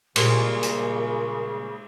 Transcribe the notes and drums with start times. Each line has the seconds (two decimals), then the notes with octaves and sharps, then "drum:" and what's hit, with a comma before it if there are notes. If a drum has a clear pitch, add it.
0.16 A#2 C#3 G3 G#3 A#4, drum: cymbal
0.63 drum: hi-hat